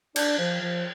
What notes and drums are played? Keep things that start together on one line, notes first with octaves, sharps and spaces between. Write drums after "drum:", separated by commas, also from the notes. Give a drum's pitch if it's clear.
D4, drum: cymbal
F3
F3